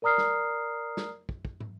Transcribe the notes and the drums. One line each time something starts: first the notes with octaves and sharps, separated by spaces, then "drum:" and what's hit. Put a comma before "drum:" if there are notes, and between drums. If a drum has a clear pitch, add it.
A#4 D5 A#5 D#6 F6 C7
drum: snare
drum: snare
drum: kick
drum: kick
drum: tom